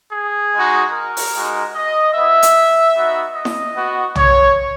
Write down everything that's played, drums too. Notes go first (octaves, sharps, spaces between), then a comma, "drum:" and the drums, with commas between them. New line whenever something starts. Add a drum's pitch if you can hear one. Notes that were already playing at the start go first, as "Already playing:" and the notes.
G#4
G#3 D#4 F#4
A#4
drum: open hi-hat
G#3 D#4 F#4
D#5
B3 E4 E5
drum: hi-hat
B3 D#4 F#4
D#5
drum: snare E4
B3 F#4
C#5, drum: tom B1